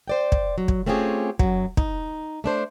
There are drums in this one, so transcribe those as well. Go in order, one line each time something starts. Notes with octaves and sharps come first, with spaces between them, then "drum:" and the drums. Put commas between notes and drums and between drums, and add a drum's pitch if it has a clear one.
C5 D5 G5
drum: kick
F#3
drum: kick
A3 C4 C#4 F4 G4 G#4
F#2 F#3, drum: kick
D#4, drum: kick
A3 D4 C5